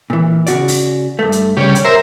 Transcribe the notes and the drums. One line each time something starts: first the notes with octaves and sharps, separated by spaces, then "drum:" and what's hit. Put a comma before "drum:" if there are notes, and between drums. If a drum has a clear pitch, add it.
A#2 E3
C#3 F#4 D5, drum: hi-hat
drum: open hi-hat
G2 A3
drum: hi-hat
C#3 G3 G4 C#5
drum: hi-hat
A#4 C5 E5